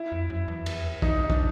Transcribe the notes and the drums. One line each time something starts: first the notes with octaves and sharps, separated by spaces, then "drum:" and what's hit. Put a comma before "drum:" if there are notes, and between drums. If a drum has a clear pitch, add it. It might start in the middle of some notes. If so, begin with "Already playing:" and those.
Already playing: E4
F2
F#2
E2
E2, drum: cymbal
E2 D#4, drum: kick
D#4
D4, drum: kick